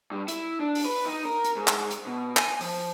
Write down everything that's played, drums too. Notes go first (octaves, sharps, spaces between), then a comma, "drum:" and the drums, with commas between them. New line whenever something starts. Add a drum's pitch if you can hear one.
G2
E4, drum: hi-hat
D4
drum: open hi-hat
B4
D#4
A#4
drum: hi-hat
G#2
drum: clap
drum: hi-hat
B2
G#5, drum: clap
F3, drum: open hi-hat